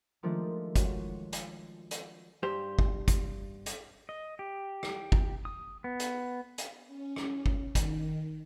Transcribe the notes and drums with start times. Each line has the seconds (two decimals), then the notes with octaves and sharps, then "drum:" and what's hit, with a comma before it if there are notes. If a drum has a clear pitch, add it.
0.23 D#3 F3 G#3 A3 D4 F4
0.76 F#4 C#5, drum: kick, hi-hat
1.33 drum: hi-hat
1.91 drum: hi-hat
2.43 G2 G4 C5
2.79 drum: kick
3.08 drum: kick, hi-hat
3.66 drum: hi-hat
4.09 D#5
4.39 G4
4.83 drum: rim click
5.12 drum: kick
5.45 D#6
5.84 B3
6.00 drum: hi-hat
6.58 drum: hi-hat
6.87 C#4
7.16 drum: rim click
7.46 drum: kick
7.75 D#3, drum: kick, hi-hat